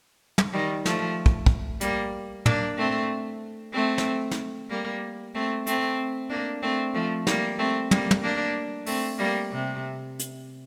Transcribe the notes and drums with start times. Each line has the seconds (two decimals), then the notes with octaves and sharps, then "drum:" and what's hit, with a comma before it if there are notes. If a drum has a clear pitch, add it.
0.38 drum: tom
0.53 D#3 G3
0.85 F3 A3, drum: snare
1.26 drum: kick
1.46 drum: kick
1.81 G3 A#3, drum: hi-hat
2.46 A#3 D4, drum: tom
2.78 A3 C4
3.73 A3 C4
3.98 drum: snare
4.31 drum: snare
4.70 G3 A#3
5.35 A3 C4
5.67 A3 C4, drum: hi-hat
6.30 A#3 D4
6.62 A3 C4
6.94 F3 A3
7.27 G3 A#3, drum: snare
7.59 A3 C4
7.91 G3 A#3, drum: tom
8.11 drum: tom
8.23 A#3 D4
8.86 A3 C4, drum: open hi-hat
9.19 G3 A#3
9.52 C3
10.20 drum: hi-hat